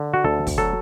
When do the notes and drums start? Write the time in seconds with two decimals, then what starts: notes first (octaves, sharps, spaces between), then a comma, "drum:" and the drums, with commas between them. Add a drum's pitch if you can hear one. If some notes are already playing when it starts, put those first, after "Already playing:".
Already playing: D3
0.14 F#4
0.24 D2 A4
0.47 drum: kick, open hi-hat
0.58 F#3 A4